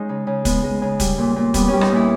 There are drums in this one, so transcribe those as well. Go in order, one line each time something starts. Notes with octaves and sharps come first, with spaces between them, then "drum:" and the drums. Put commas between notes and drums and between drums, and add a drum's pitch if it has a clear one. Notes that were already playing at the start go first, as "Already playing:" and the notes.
Already playing: G#3 C#4 D#4
C#3
C#3
G#3 B3, drum: kick, hi-hat
G#3
C#3
G3, drum: kick, hi-hat
A#2
A#2
G3 B3, drum: kick, hi-hat
G3 C#4
D#4, drum: rim click
A#2 E4